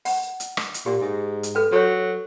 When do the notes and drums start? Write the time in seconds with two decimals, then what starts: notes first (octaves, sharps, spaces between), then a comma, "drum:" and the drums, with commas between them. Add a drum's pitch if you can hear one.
0.05 F#5, drum: open hi-hat
0.40 drum: hi-hat
0.57 drum: rim click
0.74 drum: hi-hat
0.86 A#2 G4
1.01 G#2
1.43 drum: hi-hat
1.55 A4 B4 G5
1.72 F#3 A4 C#5